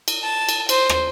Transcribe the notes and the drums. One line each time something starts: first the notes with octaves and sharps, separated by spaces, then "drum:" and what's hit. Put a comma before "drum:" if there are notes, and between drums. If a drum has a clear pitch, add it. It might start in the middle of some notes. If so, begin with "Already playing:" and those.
drum: cymbal
A5
drum: cymbal
C5, drum: cymbal
drum: rim click